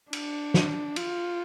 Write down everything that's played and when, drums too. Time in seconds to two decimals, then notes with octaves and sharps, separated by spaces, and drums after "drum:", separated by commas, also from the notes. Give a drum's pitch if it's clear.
0.13 D4, drum: cymbal
0.54 drum: snare
0.96 F4, drum: cymbal